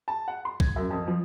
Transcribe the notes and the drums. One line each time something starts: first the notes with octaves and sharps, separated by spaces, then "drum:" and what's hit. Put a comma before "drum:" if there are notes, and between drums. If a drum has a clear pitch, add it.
A5
F#5
C6
G#6, drum: kick B1
F#2
F2
F3